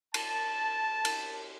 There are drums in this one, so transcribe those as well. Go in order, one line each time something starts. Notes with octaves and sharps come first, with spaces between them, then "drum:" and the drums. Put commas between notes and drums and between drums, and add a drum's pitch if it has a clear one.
A5, drum: cymbal
drum: cymbal